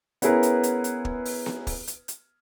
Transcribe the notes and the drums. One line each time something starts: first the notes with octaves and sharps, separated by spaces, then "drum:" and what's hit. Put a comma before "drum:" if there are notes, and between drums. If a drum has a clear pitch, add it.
B3 C#4 E4 G#4 A#4 B4, drum: hi-hat
drum: hi-hat
drum: hi-hat
drum: hi-hat
drum: kick
drum: open hi-hat
drum: snare B3
drum: kick, open hi-hat
drum: hi-hat
drum: hi-hat